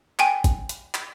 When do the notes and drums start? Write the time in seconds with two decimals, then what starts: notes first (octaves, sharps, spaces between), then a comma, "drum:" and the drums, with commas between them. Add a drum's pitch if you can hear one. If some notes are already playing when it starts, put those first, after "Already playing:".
0.19 G5 G#5, drum: clap
0.44 drum: kick G#1, hi-hat
0.69 drum: hi-hat
0.94 drum: clap